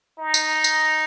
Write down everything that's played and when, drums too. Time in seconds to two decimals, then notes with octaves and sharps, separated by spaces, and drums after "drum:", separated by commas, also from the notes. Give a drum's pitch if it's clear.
0.19 D#4
0.34 drum: tambourine
0.64 drum: tambourine